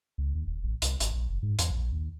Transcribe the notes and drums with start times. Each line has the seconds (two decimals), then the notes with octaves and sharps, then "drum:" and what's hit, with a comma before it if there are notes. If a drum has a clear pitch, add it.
0.18 C#2
0.35 D#2
0.47 D#1
0.64 A1
0.82 C2, drum: hi-hat
1.00 G#1, drum: hi-hat
1.14 A#1
1.29 F#1
1.43 G#2
1.59 E2, drum: hi-hat
1.70 A#1
1.92 D#2